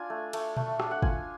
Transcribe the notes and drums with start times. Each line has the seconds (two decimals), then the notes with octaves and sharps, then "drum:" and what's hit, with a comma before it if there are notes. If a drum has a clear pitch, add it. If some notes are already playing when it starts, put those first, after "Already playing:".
Already playing: D4 F4 D5 G#5
0.10 A3
0.33 A3, drum: cymbal
0.57 A3, drum: tom A#2
0.80 D4, drum: rim click
0.91 F#5
1.02 F4 G#5, drum: kick